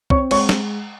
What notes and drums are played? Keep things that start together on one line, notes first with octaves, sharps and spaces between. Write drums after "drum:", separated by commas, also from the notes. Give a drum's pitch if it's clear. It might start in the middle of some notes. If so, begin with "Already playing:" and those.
C4 C#5 C#6, drum: kick
G#3 C#5 C#6, drum: cymbal
drum: snare